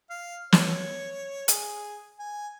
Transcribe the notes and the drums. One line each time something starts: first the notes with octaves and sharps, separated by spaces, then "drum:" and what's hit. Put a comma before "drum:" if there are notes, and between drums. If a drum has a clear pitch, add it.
F5
C#5, drum: snare
G#4, drum: hi-hat
G#5